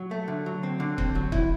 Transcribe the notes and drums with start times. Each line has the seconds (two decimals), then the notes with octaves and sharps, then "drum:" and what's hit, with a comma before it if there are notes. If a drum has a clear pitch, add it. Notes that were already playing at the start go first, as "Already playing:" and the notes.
Already playing: F#3
0.11 A3
0.28 D3
0.46 F#3
0.63 C4
0.80 D3
0.98 C4, drum: kick
1.15 F#3
1.32 E4, drum: kick